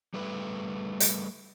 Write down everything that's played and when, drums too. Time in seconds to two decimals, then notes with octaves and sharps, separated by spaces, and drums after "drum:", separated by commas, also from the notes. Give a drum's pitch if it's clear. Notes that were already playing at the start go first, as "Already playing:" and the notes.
0.14 G3 A3 B4
1.00 drum: hi-hat